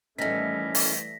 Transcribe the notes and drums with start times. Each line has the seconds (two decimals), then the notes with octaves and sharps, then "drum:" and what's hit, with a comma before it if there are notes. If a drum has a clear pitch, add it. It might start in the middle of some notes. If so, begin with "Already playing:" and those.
0.18 A2 D#3 E3 G3 A3 C#4 A#6 B6
0.75 drum: open hi-hat